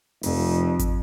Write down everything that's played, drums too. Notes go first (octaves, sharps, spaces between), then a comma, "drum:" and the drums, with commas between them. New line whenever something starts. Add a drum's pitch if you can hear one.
F1 F2, drum: open hi-hat
drum: kick G#1, hi-hat